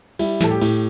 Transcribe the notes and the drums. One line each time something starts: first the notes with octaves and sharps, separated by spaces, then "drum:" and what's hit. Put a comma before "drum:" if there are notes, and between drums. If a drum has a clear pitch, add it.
G3 E4, drum: cymbal
A2 A4, drum: snare
G4
A2, drum: cymbal